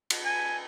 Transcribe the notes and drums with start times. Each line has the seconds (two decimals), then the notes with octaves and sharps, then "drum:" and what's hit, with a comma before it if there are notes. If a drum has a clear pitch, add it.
0.10 drum: cymbal
0.25 G#5